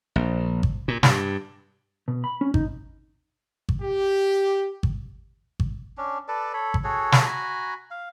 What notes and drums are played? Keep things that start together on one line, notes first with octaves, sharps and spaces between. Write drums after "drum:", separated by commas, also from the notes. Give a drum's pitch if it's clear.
A#1
drum: kick G#1
A#2
G2, drum: snare
B2
B5
C#4
D#4, drum: kick G#1
drum: kick G#1
G4
drum: kick G#1
drum: kick G#1
C#4 D4
A4 B4 D5 A5
A4 C#5 B5
drum: kick G#1
F#4 G#4 A4 C#5
drum: snare
F#4 G#5 A#5 B5
F5